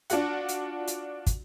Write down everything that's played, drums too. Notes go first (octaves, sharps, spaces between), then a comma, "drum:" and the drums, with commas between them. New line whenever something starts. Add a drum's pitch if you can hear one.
D4 F4 F#4 F#5, drum: hi-hat
drum: hi-hat
drum: hi-hat
drum: kick, hi-hat